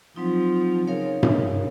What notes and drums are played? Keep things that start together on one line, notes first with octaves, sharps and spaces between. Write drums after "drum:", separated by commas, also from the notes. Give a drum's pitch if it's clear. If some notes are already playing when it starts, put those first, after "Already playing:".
F3 F#3 C4 D#4
C#3 D#4 A#4 C#5 F5
C#3, drum: tom G2